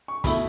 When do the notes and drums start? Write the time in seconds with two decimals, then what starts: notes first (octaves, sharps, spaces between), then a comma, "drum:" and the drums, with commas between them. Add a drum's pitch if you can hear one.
0.08 C#6
0.24 B2 A3 E4 B5, drum: kick, hi-hat